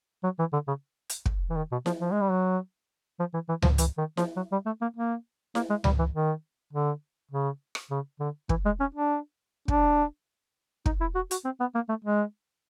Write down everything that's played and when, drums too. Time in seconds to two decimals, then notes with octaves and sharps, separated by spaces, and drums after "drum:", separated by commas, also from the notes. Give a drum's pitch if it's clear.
0.23 F#3
0.39 E3
0.53 D3
0.68 C#3
1.09 drum: hi-hat
1.26 drum: kick
1.50 E3
1.57 D#3
1.72 B2
1.86 F3, drum: snare E4
2.00 F3
2.11 G#3
2.21 G3
2.31 F#3
3.19 F3
3.33 E3
3.49 E3
3.62 F3, drum: tom C#2
3.78 E3, drum: hi-hat
3.98 D#3
4.17 F3, drum: snare E4
4.36 F#3
4.52 G3
4.66 A3
4.81 A#3
4.96 A#3
5.55 A#3, drum: snare E4
5.70 G#3
5.84 G3, drum: tom C#2
5.98 E3
6.14 D#3
6.73 D3
7.31 C#3
7.75 drum: rim click
7.90 C#3
8.20 D3
8.49 E3, drum: kick
8.65 G#3
8.80 C#4
8.94 D4
9.68 D4, drum: kick
10.86 D#4, drum: kick
11.00 E4
11.15 F#4
11.31 F#4, drum: hi-hat
11.44 C4
11.60 B3
11.74 A#3
11.89 A3
12.04 G#3